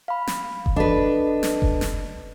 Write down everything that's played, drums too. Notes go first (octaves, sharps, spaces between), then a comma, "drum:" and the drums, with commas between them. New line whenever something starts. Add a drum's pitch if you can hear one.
F5 B5
drum: snare
drum: kick F1
D4 A4 B4 D#5
drum: snare
drum: kick F1
drum: snare